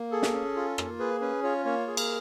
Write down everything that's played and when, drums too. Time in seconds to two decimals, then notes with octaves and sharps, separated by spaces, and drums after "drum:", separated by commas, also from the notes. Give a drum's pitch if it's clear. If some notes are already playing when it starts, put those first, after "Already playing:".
Already playing: A#3
0.11 G#4 A4
0.23 drum: snare
0.33 C#4
0.56 F4
0.78 A#3, drum: rim click
0.99 G#4 B4
1.21 C#4 B4
1.43 F4 C#5
1.65 A#3 C#5
1.87 G#4
1.97 A#4, drum: cymbal